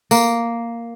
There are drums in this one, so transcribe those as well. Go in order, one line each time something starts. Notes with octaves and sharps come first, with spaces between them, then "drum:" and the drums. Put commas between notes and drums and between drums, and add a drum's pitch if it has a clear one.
A#3, drum: tambourine